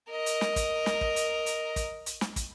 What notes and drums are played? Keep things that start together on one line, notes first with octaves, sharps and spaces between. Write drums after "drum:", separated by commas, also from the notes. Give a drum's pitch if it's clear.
A#4 D#5
drum: hi-hat
drum: snare
drum: kick, hi-hat
drum: snare
drum: kick
drum: hi-hat
drum: hi-hat
drum: kick, hi-hat
drum: hi-hat
drum: snare
drum: kick, hi-hat